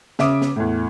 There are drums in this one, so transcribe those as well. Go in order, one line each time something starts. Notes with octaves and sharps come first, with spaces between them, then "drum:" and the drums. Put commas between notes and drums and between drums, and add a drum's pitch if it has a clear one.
C#3 E5 D6 D#6, drum: snare
drum: snare
E2 A2